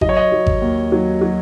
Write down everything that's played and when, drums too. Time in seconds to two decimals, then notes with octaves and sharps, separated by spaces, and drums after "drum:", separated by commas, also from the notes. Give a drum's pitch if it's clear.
0.01 F#3 D#5, drum: kick G#1
0.09 C#5
0.17 D#5
0.32 F#3
0.46 drum: kick G#1
0.61 D#2
0.92 F#3
1.21 F#3